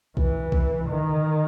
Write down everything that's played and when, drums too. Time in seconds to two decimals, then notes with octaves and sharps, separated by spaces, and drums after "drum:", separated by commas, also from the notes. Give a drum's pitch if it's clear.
0.17 E3, drum: kick B1
0.52 drum: kick B1
0.89 D#3